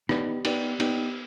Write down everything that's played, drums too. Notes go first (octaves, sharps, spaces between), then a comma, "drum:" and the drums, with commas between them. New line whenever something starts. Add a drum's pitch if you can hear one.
B3 D#4 G4 B4 D5, drum: rim click
B3 D#4 G4 B4 D5, drum: cymbal
B3 D#4 G4 B4 D5, drum: cymbal